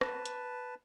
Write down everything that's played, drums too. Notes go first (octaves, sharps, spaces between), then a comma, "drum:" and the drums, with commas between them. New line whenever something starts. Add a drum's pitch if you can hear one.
B4 A5, drum: rim click
drum: hi-hat